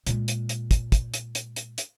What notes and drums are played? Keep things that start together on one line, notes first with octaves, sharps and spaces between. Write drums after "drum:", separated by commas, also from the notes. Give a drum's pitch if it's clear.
A#2 G#3, drum: hi-hat
drum: hi-hat
drum: hi-hat
drum: kick, hi-hat
drum: kick, hi-hat
drum: hi-hat
drum: hi-hat
drum: hi-hat
drum: hi-hat